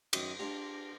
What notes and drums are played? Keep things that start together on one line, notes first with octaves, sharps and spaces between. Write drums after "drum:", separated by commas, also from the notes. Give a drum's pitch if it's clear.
F#2 D#3 D#6, drum: cymbal
D4 F4 G4